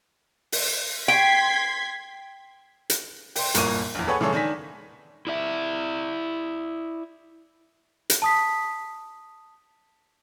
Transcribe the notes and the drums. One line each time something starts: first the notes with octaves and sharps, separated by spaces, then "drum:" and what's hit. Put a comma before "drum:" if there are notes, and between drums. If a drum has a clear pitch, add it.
drum: open hi-hat
G5 C6 G#6 B6
drum: hi-hat
G5 C6, drum: open hi-hat
G1 C2 A#2 A#3 C#6 D#7, drum: hi-hat
A#1 E2
G#4 A4 B4 C#5 F#5 G#5
C#3 E3 G#3 G#4 A4 C#5
D#3 D4 G#5 A#6 B6
E4 D5 E5
drum: hi-hat
A5 D#6 B6